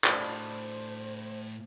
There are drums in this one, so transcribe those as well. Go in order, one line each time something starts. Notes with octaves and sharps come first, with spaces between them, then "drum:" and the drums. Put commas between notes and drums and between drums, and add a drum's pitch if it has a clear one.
A2 D4 F#4 G#4 C5 D5 B5, drum: clap